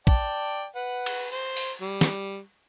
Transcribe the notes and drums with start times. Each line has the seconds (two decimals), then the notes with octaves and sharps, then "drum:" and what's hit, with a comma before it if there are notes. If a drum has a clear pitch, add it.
0.07 D5 G5 A5, drum: kick
0.75 B4 F#5
1.06 drum: cymbal
1.32 C5
1.57 drum: open hi-hat
1.81 G3
2.01 drum: snare